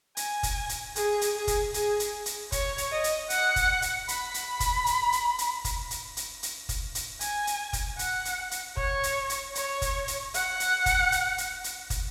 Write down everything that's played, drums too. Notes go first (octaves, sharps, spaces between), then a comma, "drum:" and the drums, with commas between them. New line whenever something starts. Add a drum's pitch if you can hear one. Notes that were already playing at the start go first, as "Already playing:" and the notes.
G#5, drum: hi-hat
drum: kick, hi-hat
drum: hi-hat
G#4, drum: hi-hat
drum: hi-hat
G#4
drum: kick, hi-hat
G#4, drum: hi-hat
drum: hi-hat
drum: hi-hat
C#5, drum: kick, hi-hat
drum: hi-hat
D#5
drum: hi-hat
F#5, drum: hi-hat
drum: kick, hi-hat
drum: hi-hat
B5, drum: hi-hat
drum: hi-hat
drum: kick, hi-hat
drum: hi-hat
drum: hi-hat
drum: hi-hat
drum: kick, hi-hat
drum: hi-hat
drum: hi-hat
drum: hi-hat
drum: kick, hi-hat
drum: hi-hat
G#5, drum: hi-hat
drum: hi-hat
drum: kick, hi-hat
F#5, drum: hi-hat
drum: hi-hat
drum: hi-hat
C#5, drum: kick
drum: hi-hat
drum: hi-hat
C#5, drum: hi-hat
drum: kick, hi-hat
drum: hi-hat
F#5, drum: hi-hat
drum: hi-hat
drum: kick, hi-hat
drum: hi-hat
drum: hi-hat
drum: hi-hat
drum: kick, hi-hat